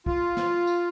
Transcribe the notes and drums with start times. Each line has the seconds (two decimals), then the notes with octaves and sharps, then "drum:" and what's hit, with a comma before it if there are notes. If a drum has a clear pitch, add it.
0.06 F4, drum: kick
0.37 drum: snare
0.67 drum: tambourine